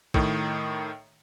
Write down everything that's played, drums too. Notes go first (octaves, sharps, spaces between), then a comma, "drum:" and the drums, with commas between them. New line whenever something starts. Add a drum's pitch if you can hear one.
A2 D#3, drum: kick